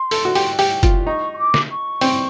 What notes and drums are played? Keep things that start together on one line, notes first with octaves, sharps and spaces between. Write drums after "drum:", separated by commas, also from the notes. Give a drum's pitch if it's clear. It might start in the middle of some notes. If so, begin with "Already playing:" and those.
Already playing: C6
A4, drum: open hi-hat
F#4
G4, drum: open hi-hat
G4, drum: open hi-hat
F4, drum: kick F#1, hi-hat
D#4 C#6
C#6
D6
drum: snare
C#6
C4, drum: open hi-hat